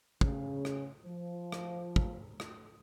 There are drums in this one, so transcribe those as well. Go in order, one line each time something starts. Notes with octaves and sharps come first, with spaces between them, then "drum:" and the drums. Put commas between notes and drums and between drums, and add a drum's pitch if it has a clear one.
C#3, drum: kick
drum: rim click
F3
drum: rim click
drum: kick
drum: rim click